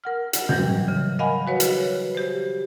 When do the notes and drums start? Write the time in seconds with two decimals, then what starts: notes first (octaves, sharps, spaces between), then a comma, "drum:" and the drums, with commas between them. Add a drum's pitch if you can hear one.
0.04 A#4 F#5 F6
0.33 drum: hi-hat
0.49 D#3 E3 F#3 G3, drum: tom
0.88 C#3
1.19 A#4 D#5 F5 F#5 G#5 B5
1.47 F#4 B4 C#5
1.60 drum: hi-hat
2.15 G4 C5